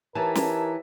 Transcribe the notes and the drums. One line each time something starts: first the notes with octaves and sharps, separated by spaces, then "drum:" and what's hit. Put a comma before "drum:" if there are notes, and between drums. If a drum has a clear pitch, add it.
E3 D#4 G4 A#4 C#5 E5 A5
drum: snare